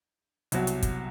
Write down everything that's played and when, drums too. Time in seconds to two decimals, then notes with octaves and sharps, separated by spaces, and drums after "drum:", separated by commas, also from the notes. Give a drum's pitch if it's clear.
0.52 C2 B2 F#3, drum: hi-hat
0.67 drum: hi-hat
0.83 drum: kick, hi-hat